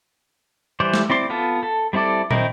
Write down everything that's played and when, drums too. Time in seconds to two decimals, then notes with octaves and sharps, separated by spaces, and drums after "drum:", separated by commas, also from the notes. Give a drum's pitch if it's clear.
0.80 E3 G3 C5 D5
0.94 drum: snare A3
1.10 C4 E4 D5 C6
1.30 B3 F4 A4
1.63 A4
1.93 G3 C4 E4 A4 D5
2.31 D#3 C4 D#4 E4 A#4, drum: tom